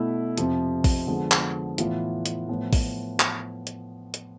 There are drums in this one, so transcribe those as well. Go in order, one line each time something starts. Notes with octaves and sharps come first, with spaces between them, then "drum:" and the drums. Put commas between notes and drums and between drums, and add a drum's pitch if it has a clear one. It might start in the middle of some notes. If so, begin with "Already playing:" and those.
Already playing: B2 A3 E4
F2 C3 F3, drum: hi-hat
drum: kick, open hi-hat
D3 F3 G#3 B3
drum: clap
A2 E3 B3 F4, drum: hi-hat
drum: hi-hat
A2 F3 B3
drum: kick, open hi-hat
drum: clap
drum: hi-hat
drum: hi-hat